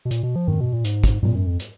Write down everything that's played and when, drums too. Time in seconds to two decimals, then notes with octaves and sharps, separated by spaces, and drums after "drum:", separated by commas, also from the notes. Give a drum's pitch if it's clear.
0.05 B2
0.11 A#2, drum: hi-hat
0.23 B2
0.36 F3
0.48 D#3, drum: tom G#2
0.61 B2
0.73 A#2
0.84 G#2, drum: hi-hat
1.04 drum: kick, hi-hat
1.23 A#2, drum: tom G#2
1.35 F#2
1.47 F2
1.60 drum: hi-hat